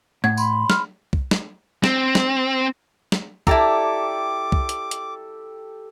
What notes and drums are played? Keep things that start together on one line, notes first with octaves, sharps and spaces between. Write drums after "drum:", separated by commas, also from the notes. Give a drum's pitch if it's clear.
A2 F#5 G#6
B5 C6, drum: tambourine
F6, drum: snare
drum: kick
drum: snare
C4, drum: snare
drum: snare
drum: snare
E4 G4 A4 D5 A#5 D6, drum: kick
drum: kick
drum: hi-hat
drum: hi-hat